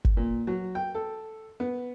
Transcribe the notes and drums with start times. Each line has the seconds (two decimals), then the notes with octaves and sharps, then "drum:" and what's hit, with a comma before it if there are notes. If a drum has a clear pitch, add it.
0.05 drum: kick
0.17 A#2
0.47 F#3
0.75 G5
0.95 A4
1.60 B3